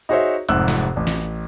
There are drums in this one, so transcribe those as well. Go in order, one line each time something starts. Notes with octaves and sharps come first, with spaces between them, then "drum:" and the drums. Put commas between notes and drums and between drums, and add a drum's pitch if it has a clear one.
D#4 F#4 G#4 C5 C#5 E5
F1 G#2 C3 E6 F#6, drum: hi-hat
drum: snare
A1
drum: snare